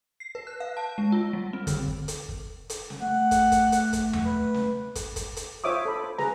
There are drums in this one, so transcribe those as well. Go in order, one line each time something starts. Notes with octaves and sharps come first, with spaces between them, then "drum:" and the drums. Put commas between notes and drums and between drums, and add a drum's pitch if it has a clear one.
C7
B4
F#6
F5
A5
G#3
F4
G3
C4
D3, drum: kick, hi-hat
drum: kick
drum: hi-hat
drum: kick
drum: hi-hat
drum: snare
A3 F#5
drum: kick, hi-hat
drum: kick, hi-hat
drum: hi-hat
drum: kick, hi-hat
drum: tom E2
B4
drum: snare
drum: kick, hi-hat
drum: kick, hi-hat
drum: hi-hat
F4 C5 C#5 E5 D6 D#6
A4 B5
C5
G#4 B4 A#5, drum: snare